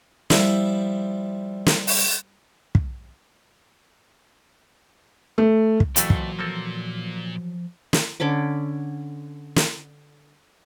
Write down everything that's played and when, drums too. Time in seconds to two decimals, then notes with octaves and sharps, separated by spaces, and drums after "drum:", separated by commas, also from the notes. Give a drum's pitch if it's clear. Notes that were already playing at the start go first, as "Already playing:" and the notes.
0.30 F3 G3 E4 E5 B5, drum: snare
1.66 drum: snare
1.87 drum: open hi-hat
2.75 drum: kick
5.38 A3
5.80 drum: kick
5.96 F2 A#2 E3 F#3 A3, drum: hi-hat
6.10 drum: kick
6.39 F3 A#3 C4 A4
7.93 drum: snare
8.20 D3 C#4 B5 D6
9.56 drum: snare